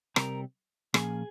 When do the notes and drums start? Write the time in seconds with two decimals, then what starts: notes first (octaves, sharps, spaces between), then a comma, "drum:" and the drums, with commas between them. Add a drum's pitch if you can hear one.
0.16 C3 G3 C4 A#4 A#5, drum: rim click
0.94 A#2 F3 A#3 C#4 G#4 G#5, drum: rim click